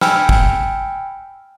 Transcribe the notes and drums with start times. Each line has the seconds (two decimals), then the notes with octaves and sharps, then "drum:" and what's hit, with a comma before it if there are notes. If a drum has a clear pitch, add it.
0.01 G5 G#5 B5 E6 F6, drum: snare
0.29 drum: kick